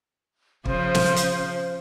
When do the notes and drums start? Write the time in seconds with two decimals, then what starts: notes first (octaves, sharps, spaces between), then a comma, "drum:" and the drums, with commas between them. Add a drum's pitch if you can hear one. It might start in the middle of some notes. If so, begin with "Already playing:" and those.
0.65 C#3 F3 C5, drum: kick
0.94 drum: snare
1.16 drum: hi-hat